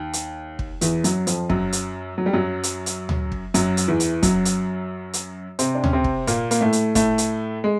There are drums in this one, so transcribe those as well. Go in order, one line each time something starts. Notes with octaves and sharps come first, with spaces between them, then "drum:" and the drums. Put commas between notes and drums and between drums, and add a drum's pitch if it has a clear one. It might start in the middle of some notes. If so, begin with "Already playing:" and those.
Already playing: D#2
drum: hi-hat
drum: kick
E2 E3, drum: hi-hat
F#2 F#3, drum: hi-hat
F2 F3, drum: hi-hat
F#2 F#3, drum: kick
drum: hi-hat
F#3
G3
F#2 F#3
drum: hi-hat
drum: hi-hat
drum: tom D2
drum: kick
F#2 F#3, drum: hi-hat
drum: hi-hat
E2 E3
drum: hi-hat
F#2 F#3, drum: kick, hi-hat
drum: hi-hat
drum: hi-hat
C3 C4, drum: hi-hat
D4
C#4, drum: tom D2
C3 C4
drum: kick
A#2 A#3, drum: hi-hat
A#3, drum: hi-hat
A2 A3
drum: hi-hat
A2 A3, drum: kick, hi-hat
drum: hi-hat
G#3